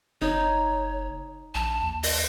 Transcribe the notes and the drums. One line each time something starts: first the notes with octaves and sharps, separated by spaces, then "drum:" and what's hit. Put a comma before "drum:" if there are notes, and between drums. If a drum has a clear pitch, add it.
F#1 D#4 C#5
A#1 A5
D#2
D#5, drum: open hi-hat